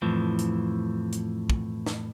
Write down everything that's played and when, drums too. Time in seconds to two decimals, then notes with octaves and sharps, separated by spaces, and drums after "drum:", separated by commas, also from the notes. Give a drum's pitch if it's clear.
0.02 F2 A2 E3 F3
0.39 drum: hi-hat
1.13 drum: hi-hat
1.50 drum: kick
1.86 drum: snare